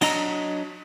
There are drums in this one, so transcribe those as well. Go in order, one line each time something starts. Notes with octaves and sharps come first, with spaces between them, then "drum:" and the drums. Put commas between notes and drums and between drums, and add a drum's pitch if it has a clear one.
F#3 D4 D#5 A#5 E6, drum: cymbal